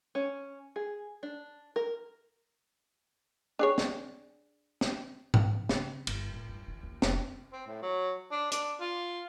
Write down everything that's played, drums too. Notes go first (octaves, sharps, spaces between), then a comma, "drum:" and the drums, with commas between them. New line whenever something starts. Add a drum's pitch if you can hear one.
C#4
G#4
D4
A#4
D4 G#4 C#5
drum: snare
drum: snare
D#3, drum: tom G#2
C#3, drum: snare
G1, drum: cymbal
A2
G2
D#3
D#2
F1, drum: snare
C4
A2
F#3
D4
D4, drum: hi-hat
F4